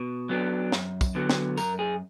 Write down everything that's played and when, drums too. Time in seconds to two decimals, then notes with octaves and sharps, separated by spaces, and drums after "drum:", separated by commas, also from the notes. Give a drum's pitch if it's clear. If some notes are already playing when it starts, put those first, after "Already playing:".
Already playing: B2 B4
0.29 F#3 B3 D4
0.72 F#2, drum: snare
1.01 drum: kick, tambourine
1.15 D3 F#3 B3
1.29 drum: snare
1.57 F#2 A#4, drum: tambourine
1.79 G#4